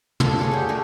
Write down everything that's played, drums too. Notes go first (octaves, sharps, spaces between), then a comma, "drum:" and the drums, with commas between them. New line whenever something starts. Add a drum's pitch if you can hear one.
F4 A4 A#4 D#5, drum: tom
D4 G#4 C#5
D3 G4
A3 D4 G#4 A#4